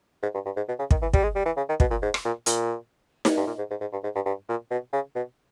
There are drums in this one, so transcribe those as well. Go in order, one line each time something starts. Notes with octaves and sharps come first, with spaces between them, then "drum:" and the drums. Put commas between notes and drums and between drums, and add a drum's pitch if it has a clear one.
G#2
G2
G2
G#2
B2
C#3
D#3, drum: kick
E3
G3, drum: kick
G#3
G3
E3
C#3
D#3
B2, drum: kick
A#2
G#2
drum: rim click
A#2
A#2, drum: hi-hat
drum: snare D#4
G2
A#2
G#2
G#2
G#2
G2
G#2
G2
G2
A#2
B2
C#3
B2